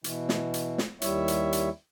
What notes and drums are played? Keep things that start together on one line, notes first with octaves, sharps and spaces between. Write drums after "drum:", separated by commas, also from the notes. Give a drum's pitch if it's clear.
B2 E3, drum: hi-hat
drum: snare
drum: hi-hat
drum: snare
D#2 G3 E4 C#5 E5, drum: hi-hat
drum: hi-hat
drum: hi-hat